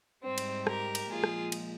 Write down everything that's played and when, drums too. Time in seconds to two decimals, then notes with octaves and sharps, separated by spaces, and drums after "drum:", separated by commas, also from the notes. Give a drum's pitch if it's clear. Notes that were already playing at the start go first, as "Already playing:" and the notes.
0.23 G#2 G3 C4
0.38 drum: cymbal
0.67 G4 A#4, drum: rim click
0.95 drum: cymbal
1.09 A#2 F3 G#3 F4 G#4
1.24 drum: rim click
1.52 drum: cymbal